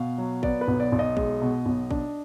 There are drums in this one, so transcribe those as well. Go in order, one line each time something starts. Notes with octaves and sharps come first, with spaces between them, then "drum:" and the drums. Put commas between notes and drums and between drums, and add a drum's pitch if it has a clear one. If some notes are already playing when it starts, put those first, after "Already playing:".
Already playing: B2 F5
F#3
B3 D5, drum: kick
B4
B1
D5
B1
D#5
G#3, drum: kick
B2
B1
D4, drum: kick